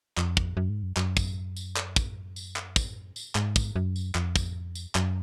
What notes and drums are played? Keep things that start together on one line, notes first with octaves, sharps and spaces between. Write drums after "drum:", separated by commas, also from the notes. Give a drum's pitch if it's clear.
F2, drum: clap
drum: kick
F#2
G#2
F#2
F#2, drum: clap
drum: kick, tambourine
drum: tambourine
drum: clap
drum: kick, tambourine
drum: tambourine
drum: clap
drum: kick, tambourine
drum: tambourine
G#2, drum: clap
drum: kick, tambourine
F#2
drum: tambourine
F2, drum: clap
drum: kick, tambourine
drum: tambourine
F#2, drum: clap